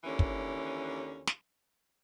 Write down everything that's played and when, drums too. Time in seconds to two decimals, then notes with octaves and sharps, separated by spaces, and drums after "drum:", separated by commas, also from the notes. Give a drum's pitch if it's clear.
0.04 D#2 D3 E3 C#4
0.19 drum: kick
1.27 drum: snare